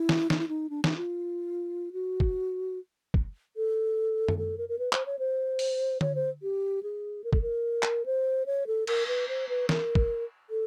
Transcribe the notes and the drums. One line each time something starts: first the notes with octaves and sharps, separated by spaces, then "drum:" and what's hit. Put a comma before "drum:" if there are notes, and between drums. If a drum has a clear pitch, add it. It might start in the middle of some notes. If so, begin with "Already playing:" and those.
Already playing: E4
drum: snare
D#4, drum: snare
E4
D#4
D4
D#4, drum: snare
F4
F#4
drum: kick
drum: kick
A4
drum: tom F#2
A4
A#4
A#4
B4
C5, drum: clap
C#5
C5
drum: open hi-hat
C#5, drum: tom D3
C5
G4
G#4
A#4
A4, drum: kick
A#4
drum: clap
C5
C#5
A4
A#4, drum: cymbal
B4
C5
B4
A#4, drum: snare
drum: kick
A4